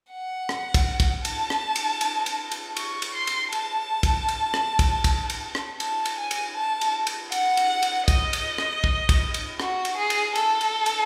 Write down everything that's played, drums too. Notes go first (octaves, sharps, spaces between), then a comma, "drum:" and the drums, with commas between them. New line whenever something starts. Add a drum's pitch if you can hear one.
F#5
drum: rim click
drum: kick, cymbal
drum: kick, cymbal
A5, drum: cymbal
drum: rim click
drum: cymbal
drum: cymbal
drum: cymbal
drum: cymbal
C#6, drum: cymbal
drum: cymbal
C6
drum: cymbal
A5, drum: cymbal
drum: kick, cymbal
drum: cymbal
drum: rim click
drum: kick, cymbal
drum: kick, cymbal
drum: cymbal
drum: rim click
A5, drum: cymbal
drum: cymbal
G#5
drum: cymbal
A5
drum: cymbal
drum: cymbal
F#5, drum: cymbal
drum: cymbal
drum: cymbal
D#5, drum: kick, cymbal
drum: cymbal
drum: rim click
drum: kick
drum: kick, cymbal
drum: cymbal
F#4, drum: rim click
drum: cymbal
G#4
drum: cymbal
A4, drum: cymbal
drum: cymbal
drum: cymbal